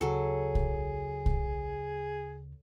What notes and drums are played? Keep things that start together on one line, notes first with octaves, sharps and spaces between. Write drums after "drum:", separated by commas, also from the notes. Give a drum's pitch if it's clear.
D2 C#3 F#3 G#4 A4
drum: kick B1
drum: kick B1